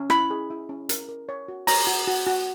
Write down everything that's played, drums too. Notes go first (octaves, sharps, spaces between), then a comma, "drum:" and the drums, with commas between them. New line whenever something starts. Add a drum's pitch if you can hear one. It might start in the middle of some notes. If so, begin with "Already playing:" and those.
Already playing: C#4
E4 B5, drum: rim click
G#4
E4
C#4
A#4, drum: hi-hat
A#4
C#5
F#4
C#5 A#5, drum: open hi-hat
F#4
F#4
F#4